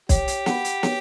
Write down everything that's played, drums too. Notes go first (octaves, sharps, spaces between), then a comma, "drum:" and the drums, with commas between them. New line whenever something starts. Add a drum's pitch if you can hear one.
G4 C#5, drum: kick B1, hi-hat
drum: hi-hat
F#5 B5, drum: snare
drum: hi-hat
C#5, drum: snare